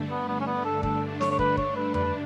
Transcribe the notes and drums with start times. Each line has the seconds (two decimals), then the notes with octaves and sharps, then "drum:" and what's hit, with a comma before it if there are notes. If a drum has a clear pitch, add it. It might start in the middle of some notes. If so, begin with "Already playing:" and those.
Already playing: G2 D3 A3 D4
0.10 B3
0.28 B3
0.40 C#4
0.46 B3
0.65 A4
0.83 A4, drum: kick
1.21 C#5, drum: snare
1.31 C#5
1.39 B4, drum: kick
1.57 C#5, drum: kick
1.76 B4
1.94 B4, drum: tom F2